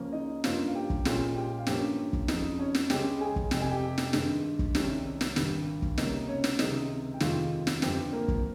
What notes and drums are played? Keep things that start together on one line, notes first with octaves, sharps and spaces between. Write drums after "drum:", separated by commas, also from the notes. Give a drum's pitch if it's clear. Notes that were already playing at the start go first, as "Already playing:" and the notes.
Already playing: C#2 C#3 F3 A#3 C#4
D#4 D#5
G2 F3 A#3 C#4 F4 F5, drum: snare
F5
G4 G5
drum: kick
A#1 A#2 G#3 C#4 F4 F5, drum: snare
G4 G5
F5
G2 F3 A#3 C#4 G4 G5, drum: snare
drum: kick
F2 C#3 F3 D#4 D#5, drum: snare
C#4 C#5
drum: snare
C#2 C#3 G#3 C#4 G4 G5, drum: snare
G#4 G#5
drum: kick
F1 F2 C3 G5, drum: snare
G#5
G4 G5
drum: snare
G2 D#3 G#3, drum: snare
drum: kick
C2 C3 D#3 G#3 C#4, drum: snare
drum: snare
G#1 G2 G3, drum: snare
drum: kick
C#2 C3 G3 A#3 C#4 D#4 D#5, drum: snare
C#4 C#5
drum: snare
C#2 C3 D#3 G#3 D#4 D#5, drum: snare
G5
F1 D#2 D#3 G#3 F4 F5, drum: snare
drum: snare
G1 G2 F3 C4 G4 G5, drum: snare
A#3 A#4
drum: kick